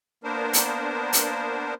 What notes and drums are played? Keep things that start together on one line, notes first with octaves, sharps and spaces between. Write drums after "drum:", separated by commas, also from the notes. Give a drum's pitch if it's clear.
A#3 B3 D4 A#4 C5
drum: hi-hat
drum: hi-hat